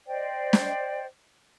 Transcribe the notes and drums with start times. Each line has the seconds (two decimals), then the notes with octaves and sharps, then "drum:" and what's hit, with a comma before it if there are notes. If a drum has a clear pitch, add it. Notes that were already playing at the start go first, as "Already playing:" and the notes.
0.07 C5 D5 D#5 G5
0.53 drum: snare